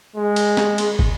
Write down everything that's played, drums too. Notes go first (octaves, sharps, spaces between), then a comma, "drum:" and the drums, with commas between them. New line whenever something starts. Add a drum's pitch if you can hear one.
G#3
drum: cymbal
drum: snare
drum: cymbal
drum: kick